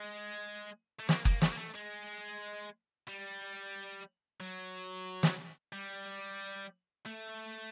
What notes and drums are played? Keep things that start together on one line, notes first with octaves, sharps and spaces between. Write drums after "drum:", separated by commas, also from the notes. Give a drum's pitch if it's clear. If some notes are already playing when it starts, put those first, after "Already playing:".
Already playing: G#3
A3
A#3, drum: snare
A#3, drum: kick F#1
A3, drum: snare
A#3
A3
G#3
G3
F#3
drum: snare
G3
A3